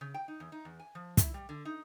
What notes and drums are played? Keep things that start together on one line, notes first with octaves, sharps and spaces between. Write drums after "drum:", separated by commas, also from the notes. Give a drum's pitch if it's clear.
C#3
G5
D#4
E2
D#4
E2
G#5
F3
E4, drum: kick, hi-hat
G3
D3
D#4